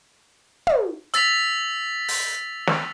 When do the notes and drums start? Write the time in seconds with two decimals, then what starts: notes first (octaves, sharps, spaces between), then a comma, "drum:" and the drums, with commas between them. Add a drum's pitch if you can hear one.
0.67 drum: tom
1.14 E6 A6 B6 F7, drum: hi-hat
2.08 drum: open hi-hat
2.67 drum: snare